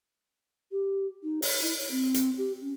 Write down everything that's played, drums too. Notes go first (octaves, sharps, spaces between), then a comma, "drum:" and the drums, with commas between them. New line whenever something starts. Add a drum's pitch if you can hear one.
G4
D#4
C#5, drum: open hi-hat
E4
C#5
C4
drum: hi-hat
G4
C#4